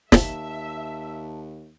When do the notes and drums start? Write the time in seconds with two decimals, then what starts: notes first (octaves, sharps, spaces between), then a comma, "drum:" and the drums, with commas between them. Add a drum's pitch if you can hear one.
0.12 D#2 E5 A5, drum: snare